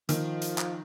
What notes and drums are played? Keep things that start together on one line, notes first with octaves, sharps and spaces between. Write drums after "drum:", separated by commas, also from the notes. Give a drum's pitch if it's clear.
D#3 F3, drum: hi-hat
drum: hi-hat
drum: clap